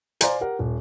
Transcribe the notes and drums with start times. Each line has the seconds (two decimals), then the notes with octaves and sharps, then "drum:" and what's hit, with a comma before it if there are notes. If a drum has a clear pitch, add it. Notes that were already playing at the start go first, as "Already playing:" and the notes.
0.21 C5 D5 F5 G#5 A#5, drum: hi-hat
0.41 G4 A#4 F#5
0.59 D#1